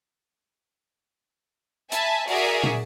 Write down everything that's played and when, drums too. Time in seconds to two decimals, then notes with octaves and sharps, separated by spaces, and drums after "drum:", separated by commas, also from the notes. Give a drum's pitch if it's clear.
1.92 E5 G#5 A5 B5, drum: hi-hat
2.28 F#4 G#4 A#4 D5 E5, drum: open hi-hat
2.63 drum: tom